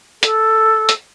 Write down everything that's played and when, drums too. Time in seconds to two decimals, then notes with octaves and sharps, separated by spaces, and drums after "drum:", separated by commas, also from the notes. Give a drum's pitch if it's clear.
0.23 A4, drum: hi-hat
0.89 drum: hi-hat